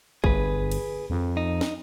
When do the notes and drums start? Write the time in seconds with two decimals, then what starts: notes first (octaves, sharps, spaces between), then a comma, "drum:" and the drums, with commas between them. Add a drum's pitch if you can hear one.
0.24 G1 G#4 B4, drum: kick
0.71 drum: cymbal
1.10 F2
1.37 D#4
1.61 drum: snare